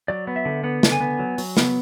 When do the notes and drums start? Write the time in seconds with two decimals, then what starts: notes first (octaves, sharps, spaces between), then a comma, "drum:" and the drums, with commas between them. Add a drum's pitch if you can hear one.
0.08 F#3 D5
0.27 B3
0.36 E5
0.45 D3
0.63 B3 F#5
0.83 D3, drum: snare
0.92 G#5
1.00 B3
1.19 F#3
1.38 F#3, drum: open hi-hat
1.57 B3, drum: snare